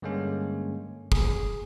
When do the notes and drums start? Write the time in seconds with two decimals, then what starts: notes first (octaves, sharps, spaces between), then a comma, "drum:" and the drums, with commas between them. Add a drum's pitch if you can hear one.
0.02 G2 D3 G#3 A#3 C#4
1.12 G#4, drum: kick